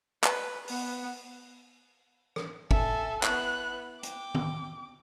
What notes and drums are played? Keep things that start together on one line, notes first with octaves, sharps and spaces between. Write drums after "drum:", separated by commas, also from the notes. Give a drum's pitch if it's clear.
B4, drum: clap
B3, drum: open hi-hat
drum: rim click
A4 E5 G#5, drum: kick
B3 E4 F#6, drum: clap
G5 D6, drum: hi-hat
drum: tom